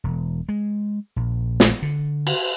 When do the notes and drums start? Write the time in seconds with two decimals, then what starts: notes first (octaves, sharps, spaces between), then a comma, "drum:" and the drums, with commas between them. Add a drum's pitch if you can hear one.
0.04 E1
0.49 G#3
1.16 A#1
1.60 drum: snare
1.82 D3
2.27 drum: cymbal